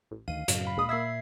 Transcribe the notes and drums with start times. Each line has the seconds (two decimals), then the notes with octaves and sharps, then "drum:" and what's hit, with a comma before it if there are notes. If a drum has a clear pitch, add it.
0.11 A1
0.28 D2 D#3 F5 D#7
0.48 F#2 A2 C#3 F#3, drum: hi-hat
0.65 F5 B5
0.77 D2 A#2 G#3 D#6
0.89 A#3 E5 E6 G#6 C7